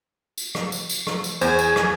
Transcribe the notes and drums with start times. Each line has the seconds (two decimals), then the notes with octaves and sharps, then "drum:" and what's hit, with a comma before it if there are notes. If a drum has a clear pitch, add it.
0.38 drum: tambourine
0.55 drum: rim click
0.72 drum: tambourine
0.89 drum: tambourine
1.07 drum: rim click
1.24 drum: tambourine
1.41 E2 G#4 C5, drum: tambourine
1.59 drum: tambourine
1.76 drum: rim click